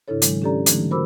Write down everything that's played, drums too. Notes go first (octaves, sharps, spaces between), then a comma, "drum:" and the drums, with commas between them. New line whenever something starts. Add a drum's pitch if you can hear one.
G#2 C#3 D4 E4 A4 C#5
D#3 F#3 G#3, drum: hi-hat
C#4 D4 G4 A4 D5 A#5
D3 E3 F#3 A3 C4 D#4, drum: hi-hat
F#4 A#4 C5 B5 D6 E6